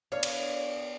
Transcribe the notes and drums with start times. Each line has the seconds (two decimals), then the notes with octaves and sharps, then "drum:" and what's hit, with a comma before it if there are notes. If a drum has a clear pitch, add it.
0.12 B3 D4 C#5 D5 F5
0.23 drum: cymbal